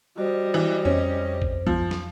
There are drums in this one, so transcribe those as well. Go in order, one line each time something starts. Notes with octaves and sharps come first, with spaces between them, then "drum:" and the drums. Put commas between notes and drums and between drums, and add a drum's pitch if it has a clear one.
G3 F#4 C5 D#5
E3
F2 C#4 C5
drum: kick
F3, drum: kick
drum: snare